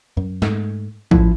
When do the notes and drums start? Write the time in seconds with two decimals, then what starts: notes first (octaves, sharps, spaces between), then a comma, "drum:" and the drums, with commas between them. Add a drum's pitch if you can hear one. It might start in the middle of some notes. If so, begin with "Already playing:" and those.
0.17 F#2
0.42 G#2 A3, drum: snare
1.11 A1 F3 E4, drum: kick A1